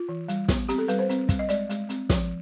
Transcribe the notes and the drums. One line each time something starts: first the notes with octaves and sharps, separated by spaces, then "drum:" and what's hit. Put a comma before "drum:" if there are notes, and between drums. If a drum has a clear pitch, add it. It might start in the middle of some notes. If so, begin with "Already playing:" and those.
Already playing: F4
E3
G3, drum: hi-hat
B3, drum: snare
C4 G4, drum: hi-hat
A4
G3 B4, drum: hi-hat
C5
C4, drum: hi-hat
G3, drum: kick, hi-hat
D#5
G#3 D5, drum: hi-hat
G#3, drum: hi-hat
C4, drum: hi-hat
F3, drum: snare